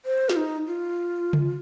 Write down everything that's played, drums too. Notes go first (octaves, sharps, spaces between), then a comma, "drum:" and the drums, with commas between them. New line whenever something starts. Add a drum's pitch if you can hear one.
C5
F4, drum: snare
D#4
F4
drum: tom C#3